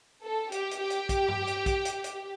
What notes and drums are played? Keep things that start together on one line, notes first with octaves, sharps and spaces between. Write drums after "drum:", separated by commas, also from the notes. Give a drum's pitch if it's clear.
A4
G4, drum: hi-hat
drum: hi-hat
G4
drum: hi-hat
drum: kick A#1, hi-hat
drum: tom G2
drum: hi-hat
drum: kick A#1, hi-hat
drum: hi-hat
drum: hi-hat